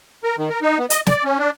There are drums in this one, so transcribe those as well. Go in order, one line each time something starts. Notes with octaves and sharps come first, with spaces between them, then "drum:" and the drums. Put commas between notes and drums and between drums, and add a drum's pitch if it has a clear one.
A#4
D#3
A#4
D#4
B3
D#5, drum: hi-hat
D5, drum: snare
C#4
D4